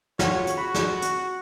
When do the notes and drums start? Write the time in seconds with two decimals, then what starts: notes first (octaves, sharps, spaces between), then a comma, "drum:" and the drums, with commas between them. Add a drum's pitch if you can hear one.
0.19 F4 F#4 G#4 C#5, drum: snare
0.47 drum: hi-hat
0.58 F#4 B5
0.74 drum: snare
1.02 drum: hi-hat